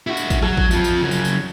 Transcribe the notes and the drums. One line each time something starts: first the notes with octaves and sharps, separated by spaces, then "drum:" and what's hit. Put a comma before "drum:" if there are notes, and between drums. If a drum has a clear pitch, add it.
E4 F#4
drum: tambourine
drum: kick A1, tambourine
F#3, drum: rim click
drum: kick A1
F2 F3, drum: tambourine
drum: tambourine
C#3 F#3
drum: tambourine
drum: tambourine